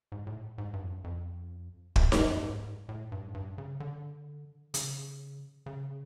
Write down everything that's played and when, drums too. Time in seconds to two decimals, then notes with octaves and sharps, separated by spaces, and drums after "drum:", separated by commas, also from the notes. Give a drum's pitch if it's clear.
0.12 G#2
0.27 A2
0.58 G#2
0.73 G2
0.82 F2
0.88 F#2
1.04 F2
1.96 G2, drum: kick
2.12 F2, drum: snare D#4
2.27 F#2
2.43 G#2
2.89 A2
3.12 G2
3.27 G#2
3.34 G2
3.58 C#3
3.80 D3
4.74 C#3, drum: hi-hat
5.66 C#3